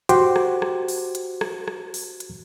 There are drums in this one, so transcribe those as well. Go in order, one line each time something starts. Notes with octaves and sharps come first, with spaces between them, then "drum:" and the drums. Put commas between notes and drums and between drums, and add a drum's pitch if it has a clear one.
F#4 G4 C5 G5 C6 D6, drum: hi-hat
drum: rim click
drum: rim click
drum: open hi-hat
drum: hi-hat
drum: rim click
drum: rim click
drum: open hi-hat
drum: hi-hat